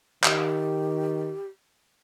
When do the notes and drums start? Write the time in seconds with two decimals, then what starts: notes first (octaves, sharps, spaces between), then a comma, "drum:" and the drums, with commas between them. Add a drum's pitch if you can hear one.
0.24 D#3 G4, drum: clap